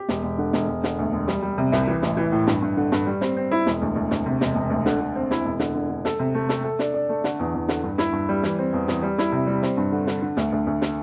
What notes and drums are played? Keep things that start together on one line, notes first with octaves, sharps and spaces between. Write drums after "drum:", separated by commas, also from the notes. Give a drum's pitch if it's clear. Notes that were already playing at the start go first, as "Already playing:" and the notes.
Already playing: G4
E1, drum: snare
E1
D3
E1, drum: snare
E1
D3, drum: snare
D2
E1
G3, drum: snare
G3
C3
C2, drum: snare
E3
A1, drum: snare
E3
A2
G2, drum: snare
G2
D3
G2, drum: snare
G3
C4, drum: snare
C4
E4
E1, drum: snare
D2
D2
D2, drum: snare
C3
E1, drum: snare
E1
D2
D3, drum: snare
D3
C4
E4, drum: snare
E1
D3, drum: snare
D3
D3
A4, drum: snare
C3
A3
A4, drum: snare
A4
D4, drum: snare
D4
A3
D3, drum: snare
E2
E2
D3, drum: snare
G2
E4, drum: snare
G2
G3
E3, drum: snare
C4
E2
E2, drum: snare
G3
E4, drum: snare
C3
G3
C4, drum: snare
G2
D3
D3, drum: snare
D3
D2, drum: snare
D2
D2
drum: snare